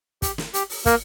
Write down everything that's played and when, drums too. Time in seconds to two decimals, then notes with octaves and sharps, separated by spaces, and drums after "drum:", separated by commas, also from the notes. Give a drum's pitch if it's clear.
0.22 G4, drum: kick, hi-hat
0.38 drum: snare
0.54 G4, drum: hi-hat
0.70 drum: open hi-hat
0.86 A#3 A#4, drum: kick, hi-hat